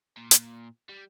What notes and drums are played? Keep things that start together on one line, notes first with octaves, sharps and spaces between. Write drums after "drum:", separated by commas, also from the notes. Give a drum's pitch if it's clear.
A#2
drum: hi-hat
G3